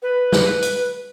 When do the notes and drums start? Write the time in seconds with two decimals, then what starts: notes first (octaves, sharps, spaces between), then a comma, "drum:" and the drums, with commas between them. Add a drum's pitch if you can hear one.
0.02 B4
0.32 drum: snare
0.62 drum: hi-hat